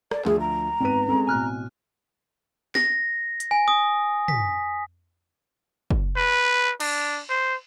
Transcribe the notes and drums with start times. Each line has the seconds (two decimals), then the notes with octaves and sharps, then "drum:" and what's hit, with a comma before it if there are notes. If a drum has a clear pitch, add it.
0.11 D5, drum: rim click
0.25 D2 F3 G#4 E5, drum: clap
0.40 A#5
0.81 G#1 B3 C4 B4 D#7
1.09 G#3 C4 C#4 A4
1.27 A1 B2 G#5 F6 F#6
2.75 A#6, drum: snare
3.40 drum: hi-hat
3.51 G#5
3.68 D#6
4.28 B6, drum: tom
5.90 drum: kick F#1
6.16 B4
6.80 D4, drum: cymbal
7.30 C5